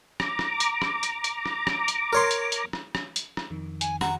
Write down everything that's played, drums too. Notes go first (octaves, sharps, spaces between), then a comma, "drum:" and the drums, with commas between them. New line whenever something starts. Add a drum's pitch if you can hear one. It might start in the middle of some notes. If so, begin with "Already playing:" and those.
A#5 D6, drum: rim click
drum: rim click
drum: hi-hat
drum: rim click
drum: hi-hat
drum: hi-hat
drum: rim click
drum: rim click
drum: hi-hat
A#4 C#5 C6
drum: hi-hat
drum: hi-hat
drum: rim click
drum: rim click
drum: hi-hat
drum: rim click
F2 D#3
G#5, drum: hi-hat
F#4 A#5, drum: rim click